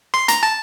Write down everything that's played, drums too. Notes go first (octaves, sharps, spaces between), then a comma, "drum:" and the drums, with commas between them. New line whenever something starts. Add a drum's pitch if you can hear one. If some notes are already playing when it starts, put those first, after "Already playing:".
C6
A#5, drum: hi-hat
A5